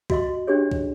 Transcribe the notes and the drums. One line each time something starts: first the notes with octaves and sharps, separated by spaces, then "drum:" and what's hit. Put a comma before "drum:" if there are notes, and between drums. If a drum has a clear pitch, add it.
F#4 D#5 C6, drum: kick
C#4 D4 G4 G#4 C#5
drum: kick